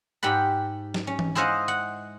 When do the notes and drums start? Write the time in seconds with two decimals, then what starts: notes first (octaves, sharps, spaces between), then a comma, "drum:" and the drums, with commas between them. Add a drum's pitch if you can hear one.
0.23 G#2 G4 F#5 B5
0.94 drum: snare
1.07 C#4
1.19 drum: tom E3
1.35 E4 G#4 C5 D#5 F5 F#5
1.68 F#5